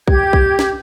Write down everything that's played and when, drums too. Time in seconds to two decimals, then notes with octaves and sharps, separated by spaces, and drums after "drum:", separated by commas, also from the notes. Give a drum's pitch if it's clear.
0.08 G4 G#6, drum: kick A#1
0.33 drum: kick A#1
0.59 drum: snare